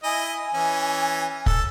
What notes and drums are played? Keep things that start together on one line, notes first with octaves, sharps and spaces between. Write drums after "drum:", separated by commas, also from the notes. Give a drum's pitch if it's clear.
E4 D#5 G#5
E3 C#4
A4, drum: kick